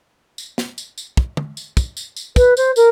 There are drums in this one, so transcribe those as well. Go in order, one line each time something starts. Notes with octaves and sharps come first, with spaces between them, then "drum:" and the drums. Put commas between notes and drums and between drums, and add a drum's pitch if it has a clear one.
drum: tambourine
drum: snare
drum: tambourine
drum: tambourine
drum: kick
drum: tom
drum: tambourine
drum: kick, tambourine
drum: tambourine
drum: tambourine
B4, drum: kick, tambourine
C5, drum: tambourine
A#4, drum: tambourine